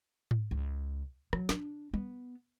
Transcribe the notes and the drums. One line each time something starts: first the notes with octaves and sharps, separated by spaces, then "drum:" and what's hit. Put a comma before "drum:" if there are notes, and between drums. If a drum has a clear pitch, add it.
drum: tom G#2
C#2
F#3, drum: rim click
D4, drum: snare
B3, drum: tom G3